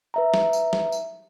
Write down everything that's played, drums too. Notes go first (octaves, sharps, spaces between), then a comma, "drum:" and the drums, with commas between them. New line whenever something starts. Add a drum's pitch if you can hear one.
B4 E5 A#5
drum: snare
drum: tambourine
drum: snare
drum: tambourine